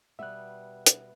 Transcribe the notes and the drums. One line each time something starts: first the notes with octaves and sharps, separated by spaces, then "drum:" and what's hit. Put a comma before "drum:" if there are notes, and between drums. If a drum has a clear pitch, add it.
B2 G3 B3 E5 F#6
drum: hi-hat